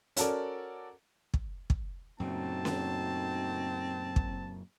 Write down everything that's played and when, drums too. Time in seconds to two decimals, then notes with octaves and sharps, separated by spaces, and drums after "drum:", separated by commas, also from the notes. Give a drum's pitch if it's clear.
0.17 C#4 F#4 A4 A#4 D5, drum: hi-hat
1.34 drum: kick
1.70 drum: kick
2.20 F#2 A#2 C#3 A3 C4 D#4 F#4 A5
2.65 drum: snare C#4
4.16 drum: kick